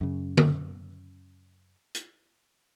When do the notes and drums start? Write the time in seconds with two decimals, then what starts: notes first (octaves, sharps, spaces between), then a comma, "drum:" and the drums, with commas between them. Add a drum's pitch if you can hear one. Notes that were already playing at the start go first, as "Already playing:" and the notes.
0.01 F#2 C#3
0.37 drum: tom D3
1.95 drum: hi-hat